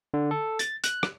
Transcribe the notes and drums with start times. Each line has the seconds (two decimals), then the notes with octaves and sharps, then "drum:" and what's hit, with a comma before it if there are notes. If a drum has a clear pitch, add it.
0.14 D3
0.31 A4
0.59 A6, drum: hi-hat
0.84 F#6, drum: hi-hat
1.03 drum: rim click